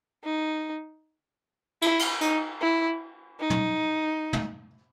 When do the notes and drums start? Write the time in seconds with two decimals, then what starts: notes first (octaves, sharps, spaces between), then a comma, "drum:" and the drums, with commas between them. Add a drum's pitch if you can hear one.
0.24 D#4
1.82 E4, drum: cymbal
1.99 drum: cymbal
2.21 D#4, drum: hi-hat
2.61 E4
3.40 D#4
3.50 drum: tom
4.33 drum: tom